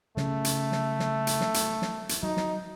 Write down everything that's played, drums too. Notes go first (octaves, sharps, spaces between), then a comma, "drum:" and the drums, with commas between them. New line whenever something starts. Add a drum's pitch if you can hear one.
C#3 A3, drum: snare
drum: hi-hat
drum: snare
drum: snare
drum: hi-hat
drum: snare
drum: hi-hat
drum: snare
drum: hi-hat
F#3 D#4
drum: snare